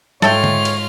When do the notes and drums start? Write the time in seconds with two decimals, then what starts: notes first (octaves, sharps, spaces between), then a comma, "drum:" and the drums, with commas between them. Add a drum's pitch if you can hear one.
0.22 G#2 F4 A4 C#5 E5 G5 F6, drum: snare
0.44 drum: tom
0.65 drum: cymbal